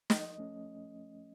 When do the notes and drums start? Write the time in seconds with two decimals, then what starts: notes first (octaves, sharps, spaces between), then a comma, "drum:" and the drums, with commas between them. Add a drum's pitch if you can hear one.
0.10 F3 D#5, drum: snare
0.38 A3 C#4